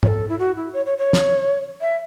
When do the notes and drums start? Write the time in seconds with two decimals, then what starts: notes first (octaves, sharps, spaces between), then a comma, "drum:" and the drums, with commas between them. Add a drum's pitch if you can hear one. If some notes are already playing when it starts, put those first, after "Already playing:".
0.03 C#5, drum: tom G#2
0.07 A4
0.29 E4
0.39 F#4
0.57 E4
0.73 C#5
0.86 C#5
0.98 C#5
1.13 drum: snare
1.81 E5